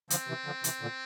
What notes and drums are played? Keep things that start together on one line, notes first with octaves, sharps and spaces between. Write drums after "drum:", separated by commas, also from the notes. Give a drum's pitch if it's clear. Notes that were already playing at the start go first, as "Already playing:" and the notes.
D3 F3 C4, drum: hi-hat
C3 E3
D3 F3
C3 E3, drum: hi-hat
A#2 D3